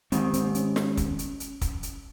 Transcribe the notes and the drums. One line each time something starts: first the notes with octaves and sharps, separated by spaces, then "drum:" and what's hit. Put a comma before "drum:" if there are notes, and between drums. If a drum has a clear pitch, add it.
G#2 D#3 G3 C4, drum: hi-hat
C4, drum: hi-hat
C4
C#4, drum: hi-hat
drum: snare
drum: kick, hi-hat
drum: hi-hat
drum: hi-hat
drum: kick, hi-hat
drum: hi-hat